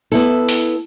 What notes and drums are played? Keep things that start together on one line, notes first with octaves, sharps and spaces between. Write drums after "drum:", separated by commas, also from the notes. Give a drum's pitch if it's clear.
B3 E4 A4
drum: open hi-hat